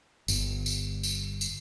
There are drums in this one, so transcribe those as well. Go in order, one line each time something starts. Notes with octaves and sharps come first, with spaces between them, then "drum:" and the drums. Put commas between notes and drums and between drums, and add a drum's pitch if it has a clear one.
G1, drum: tambourine
drum: tambourine
drum: tambourine
drum: tambourine